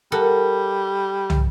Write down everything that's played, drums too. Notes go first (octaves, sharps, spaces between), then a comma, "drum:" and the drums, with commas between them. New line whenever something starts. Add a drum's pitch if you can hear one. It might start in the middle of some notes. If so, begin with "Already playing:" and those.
G3 A4 A#4 F#5
drum: tom